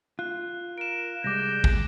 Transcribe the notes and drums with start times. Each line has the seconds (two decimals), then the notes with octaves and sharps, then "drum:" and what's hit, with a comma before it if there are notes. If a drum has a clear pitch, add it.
0.19 F4 F#6
0.78 A#4 D7 E7
1.24 C2 G3 G#3 D6 G6 A#6
1.64 drum: kick A1